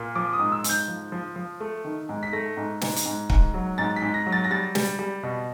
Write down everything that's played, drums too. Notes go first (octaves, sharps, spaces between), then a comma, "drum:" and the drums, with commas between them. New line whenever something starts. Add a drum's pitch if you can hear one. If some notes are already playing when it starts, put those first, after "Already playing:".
Already playing: A#2
F3 D6
D#6
G#2
E6
G#2, drum: hi-hat
G6
F3
F3
F3
A3
D#3
G#2
B6
A3 A#6
G#2
G#2, drum: snare
drum: hi-hat
G#2
G#2, drum: kick
F#3
G#2 A6
B6
G#2
A#6
F#3
A6
A#6
G3 A6
G3, drum: snare
G3
B2